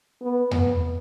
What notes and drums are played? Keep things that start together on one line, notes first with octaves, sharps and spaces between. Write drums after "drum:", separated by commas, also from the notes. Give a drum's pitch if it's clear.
B3
B3, drum: tom E2